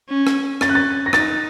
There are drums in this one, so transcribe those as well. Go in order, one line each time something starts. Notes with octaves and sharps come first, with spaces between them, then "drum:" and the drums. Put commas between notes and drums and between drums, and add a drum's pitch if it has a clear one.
C#4
drum: rim click
C#4 A6, drum: rim click
F#6
A6
A#6
D#4 A6, drum: rim click